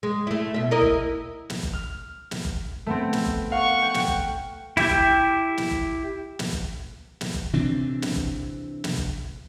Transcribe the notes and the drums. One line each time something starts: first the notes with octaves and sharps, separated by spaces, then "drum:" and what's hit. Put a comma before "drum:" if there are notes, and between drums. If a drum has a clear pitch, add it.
G#3
A3 E4
B2 E5
E4 A#4 D#5
drum: kick F#1
drum: snare
drum: kick F#1
F6
drum: snare
drum: kick F#1
A3 B3 C4
drum: snare
drum: kick F#1
F5 F#5 C#6
G5
drum: snare
drum: kick F#1
E4 G4 E5 G5, drum: snare
drum: kick F#1
drum: snare
drum: kick F#1
drum: snare
drum: kick F#1
drum: snare
drum: kick F#1
C3 E3 C4 D4
drum: snare
drum: kick F#1
drum: snare
drum: kick F#1